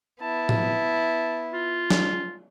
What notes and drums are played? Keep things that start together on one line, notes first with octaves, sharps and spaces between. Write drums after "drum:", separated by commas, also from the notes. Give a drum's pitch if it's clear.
B3 E4 A5
drum: tom
F4
drum: snare